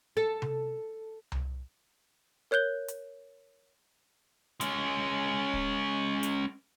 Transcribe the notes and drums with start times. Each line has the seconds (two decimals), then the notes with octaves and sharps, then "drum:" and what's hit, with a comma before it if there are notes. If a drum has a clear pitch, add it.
0.17 A4
0.42 drum: tom C3
1.32 drum: tom C2
2.51 A#4 C#5 F#6 G6 G7
2.88 drum: hi-hat
4.61 G#3 C#4, drum: hi-hat
5.54 drum: kick
6.23 drum: hi-hat